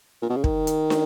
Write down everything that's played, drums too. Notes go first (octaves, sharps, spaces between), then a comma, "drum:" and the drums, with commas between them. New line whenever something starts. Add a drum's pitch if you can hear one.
A#2
B2
C#3
D#3, drum: kick
drum: hi-hat
drum: snare